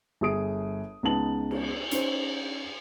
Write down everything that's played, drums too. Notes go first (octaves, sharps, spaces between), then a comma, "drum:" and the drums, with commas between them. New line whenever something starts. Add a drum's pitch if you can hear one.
G1 G#4 D#6 D7
C#2 B3 D#4 A5 F#7
drum: cymbal
C#4 D#4 C5, drum: hi-hat